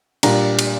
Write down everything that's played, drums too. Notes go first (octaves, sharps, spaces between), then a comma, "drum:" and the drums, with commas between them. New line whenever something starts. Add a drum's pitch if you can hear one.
A#2 G3 D4 A#5, drum: cymbal
drum: cymbal